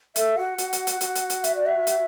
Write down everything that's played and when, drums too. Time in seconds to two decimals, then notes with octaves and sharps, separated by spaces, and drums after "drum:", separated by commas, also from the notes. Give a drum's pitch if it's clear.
0.16 A4 E5, drum: hi-hat
0.37 F#4 F#5
0.58 F#4, drum: hi-hat
0.73 drum: hi-hat
0.87 drum: hi-hat
1.01 F#4, drum: hi-hat
1.16 drum: hi-hat
1.30 drum: hi-hat
1.44 E5, drum: hi-hat
1.55 D5
1.66 E5
1.87 drum: hi-hat